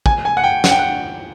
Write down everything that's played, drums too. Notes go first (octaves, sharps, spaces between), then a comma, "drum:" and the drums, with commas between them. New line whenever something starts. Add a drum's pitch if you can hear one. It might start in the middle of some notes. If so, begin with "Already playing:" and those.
G#5, drum: kick
G#5
F#5
G5
F#5, drum: snare
G5
F#5